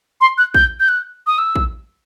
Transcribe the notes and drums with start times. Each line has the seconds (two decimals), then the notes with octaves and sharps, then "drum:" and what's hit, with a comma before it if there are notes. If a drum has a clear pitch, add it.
0.21 C6
0.38 F#6
0.54 G6, drum: kick
0.80 G6
0.89 F#6
1.27 D#6
1.38 E6
1.56 drum: kick